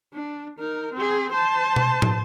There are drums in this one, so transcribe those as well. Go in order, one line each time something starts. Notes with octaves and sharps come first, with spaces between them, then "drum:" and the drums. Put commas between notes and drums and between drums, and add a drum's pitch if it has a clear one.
D4
D#4 A#4
C4 G#4
C5 A5
drum: tom B2
drum: tom